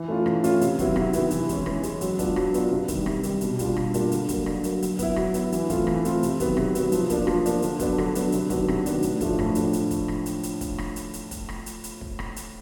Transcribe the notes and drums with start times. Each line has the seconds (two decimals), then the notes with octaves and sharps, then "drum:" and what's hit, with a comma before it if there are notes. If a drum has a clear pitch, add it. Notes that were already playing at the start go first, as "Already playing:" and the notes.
Already playing: E3
0.08 A3 C#4 F4
0.26 E3, drum: rim click
0.44 A3 C#4 F4, drum: hi-hat
0.61 C3, drum: hi-hat
0.79 D#3 F#3 B3 E4, drum: kick, hi-hat
0.96 C3, drum: rim click
1.13 D#3 F#3 B3 E4, drum: hi-hat
1.31 E3, drum: hi-hat
1.49 G#3 C#4, drum: kick, hi-hat
1.66 E3, drum: rim click
1.83 G#3 C#4, drum: hi-hat
2.01 F#3, drum: hi-hat
2.19 B3 D4 F4, drum: kick, hi-hat
2.36 F#3, drum: rim click
2.54 B3 D4 F4, drum: hi-hat
2.71 C3
2.88 D#3 G3, drum: kick, hi-hat
3.06 C3, drum: rim click
3.23 D#3 G3, drum: hi-hat
3.41 B2, drum: hi-hat
3.59 G3 A#3 D4 F4, drum: kick, hi-hat
3.76 B2, drum: rim click
3.94 G3 A#3 D4 F4, drum: hi-hat
4.12 D3, drum: hi-hat
4.29 F#3 A#3, drum: kick, hi-hat
4.46 D3, drum: rim click
4.64 F#3 A#3, drum: hi-hat
4.82 F#3, drum: hi-hat
4.99 B3 E4, drum: kick, hi-hat
5.16 F#3, drum: rim click
5.34 B3 E4, drum: hi-hat
5.52 E3, drum: hi-hat
5.70 A3 C4 F4, drum: kick, hi-hat
5.87 E3, drum: rim click
6.05 A3 C4 F4, drum: hi-hat
6.23 C3, drum: hi-hat
6.40 D#3 F#3 B3, drum: kick, hi-hat
6.57 C3, drum: rim click
6.75 D#3 F#3 B3, drum: hi-hat
6.92 F3, drum: hi-hat
7.10 A#3 D4, drum: kick, hi-hat
7.27 F3, drum: rim click
7.46 A#3 D4, drum: hi-hat
7.62 D3, drum: hi-hat
7.79 F#3 B3 D4, drum: kick, hi-hat
7.98 D3, drum: rim click
8.15 F#3 B3 D4, drum: hi-hat
8.32 C3, drum: hi-hat
8.50 D#3 F#3 B3 D4, drum: kick, hi-hat
8.68 C3, drum: rim click
8.86 D#3 F#3 B3 D4, drum: hi-hat
9.03 A2, drum: hi-hat
9.21 F3 A3 D4, drum: kick, hi-hat
9.39 A2, drum: rim click
9.55 F3 A3 D4, drum: hi-hat
9.73 drum: hi-hat
9.91 drum: kick, hi-hat
10.08 drum: rim click
10.26 drum: hi-hat
10.43 drum: hi-hat
10.61 drum: kick, hi-hat
10.78 drum: rim click
10.96 drum: hi-hat
11.13 drum: hi-hat
11.31 drum: kick, hi-hat
11.49 drum: rim click
11.66 drum: hi-hat
11.84 drum: hi-hat
12.01 drum: kick
12.19 drum: rim click
12.36 drum: hi-hat